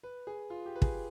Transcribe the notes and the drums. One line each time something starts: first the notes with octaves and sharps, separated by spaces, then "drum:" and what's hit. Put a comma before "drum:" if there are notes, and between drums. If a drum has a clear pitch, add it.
B4
G#4
F4
G4
B4
G#4, drum: kick